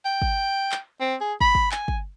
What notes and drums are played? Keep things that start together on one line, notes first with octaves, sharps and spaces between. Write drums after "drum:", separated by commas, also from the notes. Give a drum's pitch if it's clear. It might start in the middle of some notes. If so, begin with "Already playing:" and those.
G5
drum: kick
drum: clap
C4
G#4
B5, drum: kick
drum: kick
G#5, drum: clap
drum: kick